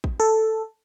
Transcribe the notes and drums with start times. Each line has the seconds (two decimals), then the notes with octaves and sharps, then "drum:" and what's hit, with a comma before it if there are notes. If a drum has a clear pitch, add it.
0.04 drum: kick A1
0.20 A4